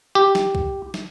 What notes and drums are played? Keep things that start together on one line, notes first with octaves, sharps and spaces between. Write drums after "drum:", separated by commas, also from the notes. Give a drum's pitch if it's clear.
G4
drum: snare
drum: kick C2
drum: snare